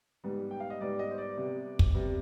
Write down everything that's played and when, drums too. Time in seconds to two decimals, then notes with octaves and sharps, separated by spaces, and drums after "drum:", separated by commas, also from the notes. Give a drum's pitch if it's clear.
0.24 G#2 G3 B3
0.51 G5
0.60 F5
0.70 D#5
0.81 G#2 G3 B3 D5
0.99 D#5
1.11 C5
1.18 D5
1.37 C3 G3 B3
1.79 drum: kick
1.94 C3 G3 B3